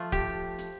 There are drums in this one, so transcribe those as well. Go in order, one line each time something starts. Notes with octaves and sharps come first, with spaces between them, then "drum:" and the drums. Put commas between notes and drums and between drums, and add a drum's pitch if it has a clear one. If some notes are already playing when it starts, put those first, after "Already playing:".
Already playing: F3 A3 F4
G4, drum: kick
drum: hi-hat